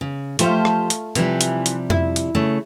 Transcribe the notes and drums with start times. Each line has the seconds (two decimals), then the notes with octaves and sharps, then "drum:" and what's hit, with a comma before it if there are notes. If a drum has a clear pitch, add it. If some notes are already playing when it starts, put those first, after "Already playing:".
0.01 C#3
0.39 F3 A3 F4 G4 C5, drum: hi-hat
0.65 drum: rim click
0.90 drum: hi-hat
1.15 C3 E3 F3 G3, drum: hi-hat
1.41 drum: hi-hat
1.66 drum: hi-hat
1.90 E4, drum: tom F2
2.16 drum: hi-hat
2.35 C#3 A3